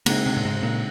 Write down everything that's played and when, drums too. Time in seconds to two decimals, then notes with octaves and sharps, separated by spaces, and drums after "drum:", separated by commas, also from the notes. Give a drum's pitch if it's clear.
0.06 C#3 G#3 A#3 C4 D#4, drum: cymbal
0.26 C3
0.37 A#2
0.45 G#2
0.63 A#2